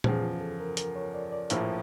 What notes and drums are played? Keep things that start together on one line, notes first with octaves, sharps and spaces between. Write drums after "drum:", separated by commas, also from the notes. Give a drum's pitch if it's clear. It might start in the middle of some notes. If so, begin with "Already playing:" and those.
E2 C#3 F3 G4, drum: tom A#2
F4
A4
A#4
A#4, drum: hi-hat
C#5
D5
D5
A#1 A2 F3 A#3 E4 F5, drum: hi-hat